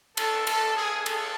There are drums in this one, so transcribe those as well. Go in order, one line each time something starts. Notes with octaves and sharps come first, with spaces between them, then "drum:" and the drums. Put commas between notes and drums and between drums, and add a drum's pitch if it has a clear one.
A4, drum: cymbal
A4, drum: cymbal
G#4
A4, drum: cymbal